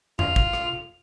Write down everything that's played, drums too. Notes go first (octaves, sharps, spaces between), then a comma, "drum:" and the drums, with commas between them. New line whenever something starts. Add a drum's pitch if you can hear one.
F4 F7, drum: tom F2
drum: kick G#1
drum: rim click